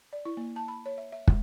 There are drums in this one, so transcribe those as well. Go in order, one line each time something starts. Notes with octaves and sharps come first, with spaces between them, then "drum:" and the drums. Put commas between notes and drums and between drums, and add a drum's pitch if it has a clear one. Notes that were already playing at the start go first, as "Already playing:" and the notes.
D5
E4
A#3
A5
B5
C#5
E5
E5
G#3, drum: kick